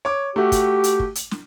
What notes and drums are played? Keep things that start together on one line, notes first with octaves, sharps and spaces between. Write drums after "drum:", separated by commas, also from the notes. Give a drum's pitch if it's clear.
C#5 D6
A3 F#4 G4
drum: kick, hi-hat
drum: hi-hat
drum: kick
drum: hi-hat
drum: snare